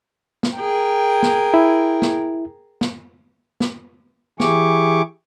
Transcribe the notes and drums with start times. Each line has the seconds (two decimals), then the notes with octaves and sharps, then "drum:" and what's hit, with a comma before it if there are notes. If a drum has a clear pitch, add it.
0.43 drum: snare
0.57 G#4 A#4 G5
1.23 drum: snare
1.54 E4
2.02 drum: snare
2.81 drum: snare
3.60 drum: snare
4.40 E3 E4 G4 G#4 C#6 D6, drum: snare